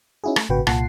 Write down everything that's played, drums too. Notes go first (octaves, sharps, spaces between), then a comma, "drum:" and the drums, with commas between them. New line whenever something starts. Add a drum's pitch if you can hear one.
C#4 D#4 E4 F#4 G#4
A3, drum: rim click
G#1 A#2 C#3 F#4 B4 G5
C2 A#2 F4 F#5 A5 C7, drum: rim click